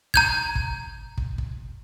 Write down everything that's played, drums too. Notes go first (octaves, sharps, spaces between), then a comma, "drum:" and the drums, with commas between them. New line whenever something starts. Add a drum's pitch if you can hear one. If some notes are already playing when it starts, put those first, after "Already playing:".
A#5 G6 G#6, drum: kick
drum: kick
drum: kick
drum: kick